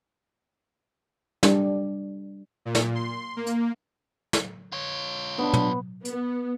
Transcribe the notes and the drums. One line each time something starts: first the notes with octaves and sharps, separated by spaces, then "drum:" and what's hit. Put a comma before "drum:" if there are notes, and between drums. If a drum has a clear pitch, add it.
G3 D4, drum: snare
A#2
drum: snare
C6
A#3
drum: hi-hat
drum: snare
F4 C#5
B3 D4
drum: tom
B3, drum: hi-hat